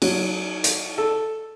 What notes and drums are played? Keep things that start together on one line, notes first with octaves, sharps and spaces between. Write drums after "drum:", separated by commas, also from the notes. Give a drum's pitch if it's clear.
F#3, drum: cymbal
drum: hi-hat
A4